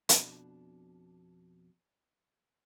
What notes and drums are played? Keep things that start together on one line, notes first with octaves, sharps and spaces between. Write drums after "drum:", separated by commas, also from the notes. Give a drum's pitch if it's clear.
F2 B2 D4, drum: hi-hat